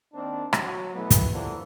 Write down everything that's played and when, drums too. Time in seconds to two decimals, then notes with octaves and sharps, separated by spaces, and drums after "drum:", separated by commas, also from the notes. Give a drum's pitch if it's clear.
0.14 D#3 A#3 C4 D4
0.53 F#3, drum: rim click
0.95 B2 E3 A3 B3
1.10 drum: kick, hi-hat
1.31 D3 E3 F3 G3 A#3 B3